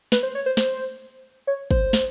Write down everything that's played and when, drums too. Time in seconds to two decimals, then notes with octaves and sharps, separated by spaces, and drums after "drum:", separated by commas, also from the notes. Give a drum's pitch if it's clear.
0.12 B4, drum: snare
0.23 C5
0.35 C#5
0.46 C5
0.57 C5, drum: snare
1.47 C#5
1.71 C5, drum: kick
1.93 drum: snare